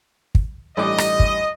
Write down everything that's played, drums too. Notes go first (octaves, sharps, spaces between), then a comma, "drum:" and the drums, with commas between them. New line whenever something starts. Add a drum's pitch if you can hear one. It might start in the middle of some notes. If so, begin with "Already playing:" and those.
drum: kick
A1 G2 D#5 D6
drum: rim click
drum: kick